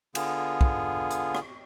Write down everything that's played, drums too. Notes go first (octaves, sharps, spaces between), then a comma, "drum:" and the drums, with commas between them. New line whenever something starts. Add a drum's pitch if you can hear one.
D3 B3 F4 G#4, drum: cymbal
drum: kick
drum: hi-hat
drum: rim click